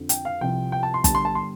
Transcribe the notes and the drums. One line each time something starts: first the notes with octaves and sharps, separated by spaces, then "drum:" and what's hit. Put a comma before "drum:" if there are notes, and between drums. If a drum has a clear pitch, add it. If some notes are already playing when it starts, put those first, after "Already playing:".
Already playing: F2 D3 F3
G5, drum: hi-hat
F5
C2 C3 F3 G5
G5
A5
C6
G1 G2 G3 A5, drum: kick, hi-hat
C6
A5
C6